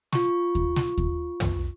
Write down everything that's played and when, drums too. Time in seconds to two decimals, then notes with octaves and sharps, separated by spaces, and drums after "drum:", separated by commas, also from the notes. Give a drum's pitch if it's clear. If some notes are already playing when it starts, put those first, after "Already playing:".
0.13 F4 C#6, drum: snare
0.55 drum: kick D#2
0.76 drum: snare
0.98 drum: kick D#2
1.40 drum: tom